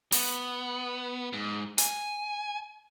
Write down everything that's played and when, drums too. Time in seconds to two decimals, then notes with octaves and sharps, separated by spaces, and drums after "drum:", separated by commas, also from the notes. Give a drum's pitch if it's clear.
0.12 B3, drum: open hi-hat
1.33 G#2
1.78 G#5, drum: hi-hat